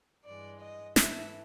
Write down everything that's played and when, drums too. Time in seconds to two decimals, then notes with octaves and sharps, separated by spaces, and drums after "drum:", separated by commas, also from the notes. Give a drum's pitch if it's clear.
0.24 G2 E3 G#3 D5
0.61 D#5
0.96 G#2 E3 A3 E5, drum: snare